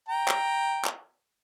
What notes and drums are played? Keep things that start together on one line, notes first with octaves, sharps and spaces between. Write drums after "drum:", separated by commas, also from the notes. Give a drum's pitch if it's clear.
G5 A#5
drum: clap
drum: clap